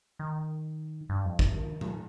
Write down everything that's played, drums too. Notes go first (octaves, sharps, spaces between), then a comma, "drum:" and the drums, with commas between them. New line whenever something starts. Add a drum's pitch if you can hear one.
D#3
G2
F2
G2, drum: kick
D#3
drum: tom A#2